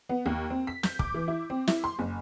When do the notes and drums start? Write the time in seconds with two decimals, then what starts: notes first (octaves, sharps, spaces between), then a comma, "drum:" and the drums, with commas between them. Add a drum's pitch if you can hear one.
0.09 B3
0.26 D#2
0.50 C4
0.67 B6
0.83 G6, drum: snare
0.99 D6, drum: kick
1.14 E3
1.28 E4
1.50 C4
1.67 E4, drum: snare
1.84 C6
1.99 F#1